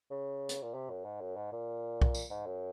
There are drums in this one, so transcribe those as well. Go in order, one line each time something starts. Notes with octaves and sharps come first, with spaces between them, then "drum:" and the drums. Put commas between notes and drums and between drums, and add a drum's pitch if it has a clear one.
C#3
drum: hi-hat
A#2
C3
F#2
G#2
F#2
G#2
A#2
drum: kick B1
drum: tambourine
G#2
F#2